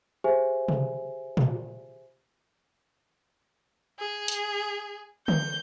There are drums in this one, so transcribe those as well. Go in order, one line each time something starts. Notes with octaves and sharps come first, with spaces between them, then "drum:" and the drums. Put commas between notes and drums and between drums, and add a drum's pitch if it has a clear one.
G4 G#4 C5 E5 G#5
drum: tom C3
drum: tom A#2
G#4
drum: hi-hat
G6, drum: tom D3